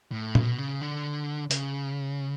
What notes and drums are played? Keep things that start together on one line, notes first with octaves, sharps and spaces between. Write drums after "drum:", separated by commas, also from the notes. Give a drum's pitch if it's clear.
A2
B2, drum: tom
C#3
D3
C#3, drum: hi-hat